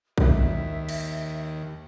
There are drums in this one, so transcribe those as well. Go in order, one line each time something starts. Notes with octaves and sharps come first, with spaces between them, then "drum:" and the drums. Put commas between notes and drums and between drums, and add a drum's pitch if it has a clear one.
D#2 E5, drum: kick A#1
drum: cymbal